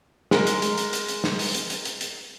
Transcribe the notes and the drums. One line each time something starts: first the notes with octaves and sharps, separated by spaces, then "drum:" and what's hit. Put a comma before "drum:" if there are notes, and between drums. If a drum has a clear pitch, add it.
G#3 A#4, drum: snare
drum: hi-hat
drum: hi-hat
drum: hi-hat
drum: hi-hat
drum: hi-hat
drum: snare
drum: open hi-hat
drum: hi-hat
drum: hi-hat
drum: hi-hat
drum: hi-hat